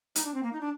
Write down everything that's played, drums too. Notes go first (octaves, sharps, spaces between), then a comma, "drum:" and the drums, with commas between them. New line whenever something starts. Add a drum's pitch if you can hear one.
D#4, drum: hi-hat
D4
C4
A#3
D#4
D4